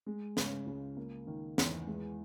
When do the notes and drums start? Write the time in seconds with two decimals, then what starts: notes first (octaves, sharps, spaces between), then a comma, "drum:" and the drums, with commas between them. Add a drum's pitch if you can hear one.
0.06 G#3
0.37 C#3, drum: snare
0.67 C#2
0.97 A#3
1.27 D#3
1.58 E2, drum: snare
1.87 G#3